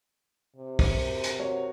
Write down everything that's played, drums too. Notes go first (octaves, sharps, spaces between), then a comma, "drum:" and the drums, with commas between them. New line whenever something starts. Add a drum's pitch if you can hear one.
C3
drum: kick, open hi-hat
F#3 A#4 C5
drum: hi-hat
C4 F#4 A#4 C#5